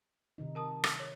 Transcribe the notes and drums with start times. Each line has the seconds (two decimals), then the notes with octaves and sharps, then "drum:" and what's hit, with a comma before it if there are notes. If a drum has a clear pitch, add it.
0.38 C3 D#3 D#4
0.55 A#4 A5 D#6
0.84 drum: rim click
0.99 C#5